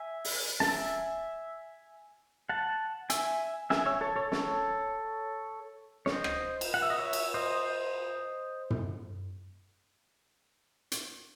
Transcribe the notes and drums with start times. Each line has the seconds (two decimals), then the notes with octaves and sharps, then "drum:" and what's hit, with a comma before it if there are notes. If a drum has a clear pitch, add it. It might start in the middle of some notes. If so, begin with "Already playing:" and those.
Already playing: E5 G#5
0.25 drum: open hi-hat
0.60 A5, drum: snare
0.68 E5 G#5
2.49 F#5 A5
3.10 E5 G#5, drum: hi-hat
3.70 E5 G#5, drum: snare
3.86 C#5 E5
4.01 A4 C#5
4.16 A4 C#5
4.32 A4 C#5, drum: snare
6.06 C#5, drum: snare
6.12 C5 D#5
6.24 drum: rim click
6.61 drum: cymbal
6.74 F#5
6.82 E5
6.90 D#5
6.98 C#5 E5
7.13 drum: cymbal
7.34 C5 D#5
8.70 drum: tom
10.92 drum: hi-hat